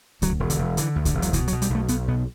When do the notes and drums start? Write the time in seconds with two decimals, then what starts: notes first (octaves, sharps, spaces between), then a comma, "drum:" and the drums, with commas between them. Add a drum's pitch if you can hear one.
0.22 D2 F#3, drum: kick C2, hi-hat
0.40 E1
0.50 D3, drum: hi-hat
0.59 E1
0.77 D3 E3, drum: hi-hat
0.96 D2
1.05 D3, drum: kick C2, hi-hat
1.14 E1
1.22 F#3, drum: hi-hat
1.33 B2 E3, drum: kick C2, hi-hat
1.48 F#3, drum: hi-hat
1.52 B2
1.62 G3, drum: hi-hat
1.70 B1 A3
1.88 B1 B3, drum: hi-hat
2.08 B2 B3